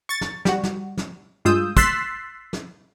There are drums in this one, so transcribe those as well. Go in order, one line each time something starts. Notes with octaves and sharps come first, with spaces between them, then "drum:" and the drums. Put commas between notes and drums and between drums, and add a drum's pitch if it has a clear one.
C#6 A6
drum: snare
G3 F#4, drum: snare
drum: snare
drum: snare
G2 G#3 F4 D#6 E6 G6
C6 E6 F#6 A6 B6 C7, drum: kick
drum: snare